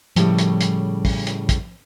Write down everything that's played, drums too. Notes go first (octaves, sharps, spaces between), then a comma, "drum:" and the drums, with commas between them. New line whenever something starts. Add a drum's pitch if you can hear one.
A2 C#3 F3 G3, drum: hi-hat
drum: hi-hat
drum: hi-hat
drum: kick, open hi-hat
drum: hi-hat
drum: kick, hi-hat